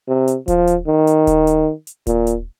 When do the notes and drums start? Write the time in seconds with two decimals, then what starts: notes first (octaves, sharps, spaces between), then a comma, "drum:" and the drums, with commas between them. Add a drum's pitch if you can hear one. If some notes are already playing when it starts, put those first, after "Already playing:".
0.08 C3
0.28 drum: hi-hat
0.48 F3, drum: kick D#1, hi-hat
0.67 drum: hi-hat
0.88 D#3
1.07 drum: hi-hat
1.27 drum: kick D#1, hi-hat
1.47 drum: hi-hat
1.87 drum: hi-hat
2.07 A#2, drum: kick D#1, hi-hat
2.27 drum: hi-hat